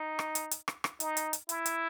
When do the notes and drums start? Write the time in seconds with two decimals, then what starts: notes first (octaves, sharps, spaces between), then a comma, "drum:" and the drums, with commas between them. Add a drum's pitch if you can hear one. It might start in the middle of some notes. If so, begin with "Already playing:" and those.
Already playing: D#4
0.19 drum: rim click
0.35 drum: hi-hat
0.51 drum: hi-hat
0.68 drum: rim click
0.84 drum: rim click
1.00 D#4, drum: hi-hat
1.17 drum: hi-hat
1.33 drum: hi-hat
1.49 E4, drum: hi-hat
1.66 drum: hi-hat